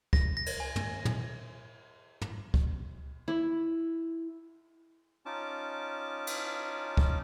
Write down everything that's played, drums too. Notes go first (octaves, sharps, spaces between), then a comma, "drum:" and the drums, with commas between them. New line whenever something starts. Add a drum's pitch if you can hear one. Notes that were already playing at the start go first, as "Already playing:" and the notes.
A#6, drum: kick
A#6
drum: cymbal
G#5
drum: tom
drum: tom
drum: tom
drum: kick
E4
C#4 D#4 F4 A5 D6
drum: cymbal
drum: kick